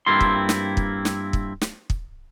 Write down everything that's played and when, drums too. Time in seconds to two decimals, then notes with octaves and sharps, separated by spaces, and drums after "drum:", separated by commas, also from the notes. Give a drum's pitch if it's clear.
0.06 G2 A#3 C4 E4 F4 C6
0.21 drum: kick
0.49 drum: snare
0.77 drum: kick
1.05 drum: snare
1.33 drum: kick
1.61 drum: snare
1.90 drum: kick